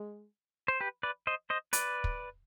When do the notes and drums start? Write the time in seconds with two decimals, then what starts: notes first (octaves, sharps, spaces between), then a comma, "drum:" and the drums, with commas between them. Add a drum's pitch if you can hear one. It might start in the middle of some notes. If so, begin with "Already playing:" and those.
Already playing: G#3
0.68 C5
0.81 G4 B4
1.03 B4 D5
1.27 C5 D#5
1.50 C5 D#5
1.73 B4 D5, drum: hi-hat
2.04 drum: kick